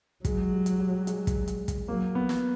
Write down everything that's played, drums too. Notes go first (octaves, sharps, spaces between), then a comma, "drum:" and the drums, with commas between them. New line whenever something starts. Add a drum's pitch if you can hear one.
F#3 G#3, drum: kick, hi-hat
G3
drum: hi-hat
G3
G#3, drum: hi-hat
drum: kick, hi-hat
drum: hi-hat
drum: kick, hi-hat
F#3 A#3
B3
drum: snare